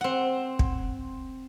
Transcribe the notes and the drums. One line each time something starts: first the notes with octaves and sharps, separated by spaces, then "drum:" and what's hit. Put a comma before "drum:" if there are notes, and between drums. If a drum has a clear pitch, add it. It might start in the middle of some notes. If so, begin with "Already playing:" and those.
C4 F#5
drum: kick